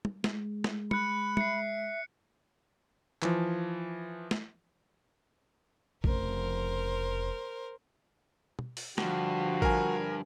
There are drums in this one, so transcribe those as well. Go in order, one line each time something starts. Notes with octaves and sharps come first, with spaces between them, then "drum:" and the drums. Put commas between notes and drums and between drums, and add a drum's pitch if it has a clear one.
drum: tom
G#3, drum: snare
drum: snare
B5 F#6 C#7, drum: tom
E5 C7 C#7, drum: tom
E3 F3, drum: clap
drum: snare
F1 C#3 A#4 C5, drum: kick A1
drum: tom
drum: open hi-hat
G2 D3 F3 F#4, drum: snare
A#4 G#5, drum: kick A1